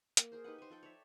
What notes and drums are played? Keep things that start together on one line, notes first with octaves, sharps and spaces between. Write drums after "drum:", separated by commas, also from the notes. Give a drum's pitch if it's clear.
A#3, drum: hi-hat
G#4 A#4 C5
D#4 G4 B4 F#5
C5 G#5
F3 A4 G5
C#5 D5 E5